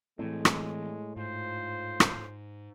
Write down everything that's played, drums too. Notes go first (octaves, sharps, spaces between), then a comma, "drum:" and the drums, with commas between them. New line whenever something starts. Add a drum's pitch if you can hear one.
A2 E3 G#3 C4
drum: rim click
G#2 F4 C5
drum: rim click